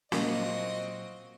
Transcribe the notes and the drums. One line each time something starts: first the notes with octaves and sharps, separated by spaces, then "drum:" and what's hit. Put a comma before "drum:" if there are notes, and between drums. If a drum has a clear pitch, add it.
A#2 F#3 A#3 C4 F4 F#4 D#5, drum: snare